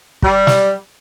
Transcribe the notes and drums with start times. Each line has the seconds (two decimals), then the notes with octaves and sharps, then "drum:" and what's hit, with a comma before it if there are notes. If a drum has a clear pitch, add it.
0.22 G3, drum: kick
0.47 drum: snare